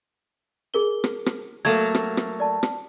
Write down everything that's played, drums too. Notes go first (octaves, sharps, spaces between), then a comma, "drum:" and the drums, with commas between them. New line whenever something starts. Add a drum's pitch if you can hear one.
G#4 A#4 G7
drum: rim click
drum: rim click
F#3 A3 A#3 A4 G#6
drum: rim click
drum: rim click
D5 A5
drum: rim click